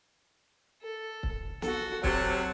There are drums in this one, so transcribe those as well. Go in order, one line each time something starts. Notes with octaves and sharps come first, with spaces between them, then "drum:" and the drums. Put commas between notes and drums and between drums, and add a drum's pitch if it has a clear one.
A4
drum: kick C#1
F#4 A4, drum: snare
C3 F#3 A5, drum: kick C#1